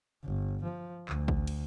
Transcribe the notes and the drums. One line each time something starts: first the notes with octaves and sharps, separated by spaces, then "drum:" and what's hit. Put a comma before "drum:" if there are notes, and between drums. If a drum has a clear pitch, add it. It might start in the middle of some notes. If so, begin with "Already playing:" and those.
G1
F3
D2, drum: clap
drum: kick
drum: cymbal